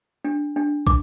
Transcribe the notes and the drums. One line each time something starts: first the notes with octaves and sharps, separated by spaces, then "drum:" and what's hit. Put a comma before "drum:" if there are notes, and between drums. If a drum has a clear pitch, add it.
D4
D4
D6, drum: kick, tambourine